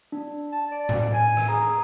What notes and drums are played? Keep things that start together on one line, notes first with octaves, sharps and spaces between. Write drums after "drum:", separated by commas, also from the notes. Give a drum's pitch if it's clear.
D4
A5
D5
drum: tom A2
G#5
drum: rim click
G#4 A#5